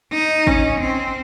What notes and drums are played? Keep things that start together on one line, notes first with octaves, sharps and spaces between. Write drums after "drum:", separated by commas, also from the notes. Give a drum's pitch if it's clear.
D#4
C#4, drum: kick
C4